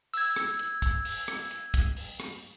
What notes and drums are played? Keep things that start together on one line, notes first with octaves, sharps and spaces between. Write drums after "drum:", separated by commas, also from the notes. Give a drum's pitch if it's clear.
E6 G#6, drum: open hi-hat
drum: rim click
drum: hi-hat
drum: kick, hi-hat
drum: open hi-hat
drum: rim click
drum: hi-hat
drum: kick, hi-hat
drum: open hi-hat
drum: rim click